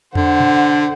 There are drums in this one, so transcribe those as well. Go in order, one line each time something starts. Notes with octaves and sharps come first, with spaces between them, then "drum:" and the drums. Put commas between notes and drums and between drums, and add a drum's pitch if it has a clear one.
D3 C5 F#5, drum: tom E2
drum: tom B2